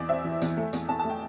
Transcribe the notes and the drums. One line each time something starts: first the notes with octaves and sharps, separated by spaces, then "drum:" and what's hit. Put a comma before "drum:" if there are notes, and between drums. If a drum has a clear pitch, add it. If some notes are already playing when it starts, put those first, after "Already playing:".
Already playing: E2 D5
C4 E5
E3
E2, drum: hi-hat
A3
E2, drum: hi-hat
E2 A5
A5
A3
G5